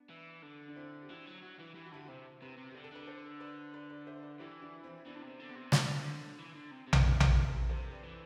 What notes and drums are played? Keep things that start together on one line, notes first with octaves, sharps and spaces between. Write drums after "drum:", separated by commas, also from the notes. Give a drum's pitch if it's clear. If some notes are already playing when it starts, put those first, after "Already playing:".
Already playing: B3 D4
E3
D3
D4
C4 E4
G4
E3 D4 F#4
F#3
F#3
E3
E3 G4
F#4
D3 E4 G4
F#4
C3 C4 E4
C3 G4 B4
C3
D3 G4
A4
D3 B4
A4 C5
B4 D5
B4 D5
B4 D5
C5 E5
B4 D5
E3 E4 G4
D4 F#4
C4 E4
E3 B3 D4
D3
C3
C4
D3
B3
C3
D3 C4, drum: snare
E3
D3
C3
C3
D4, drum: tom A#1
C4 E4
E4 G4, drum: tom A#1
F#4 A4
G4 B4
C3 A4 C5
B4 D5
E3